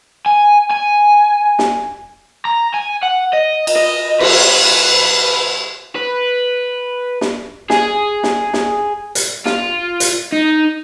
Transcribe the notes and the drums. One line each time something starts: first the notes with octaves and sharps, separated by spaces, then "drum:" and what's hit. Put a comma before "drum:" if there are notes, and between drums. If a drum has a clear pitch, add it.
G#5
G#5
drum: snare
A#5
G#5
F#5
D#5
drum: cymbal
D#5
B4, drum: cymbal
B4
drum: snare
G#4, drum: snare
drum: snare
drum: snare
drum: hi-hat
F4, drum: snare
drum: hi-hat
D#4